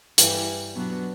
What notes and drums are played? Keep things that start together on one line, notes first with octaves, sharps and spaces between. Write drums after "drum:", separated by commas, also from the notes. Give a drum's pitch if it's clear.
G2 E3 G3, drum: hi-hat
B2 F#3 B3 D4 F#4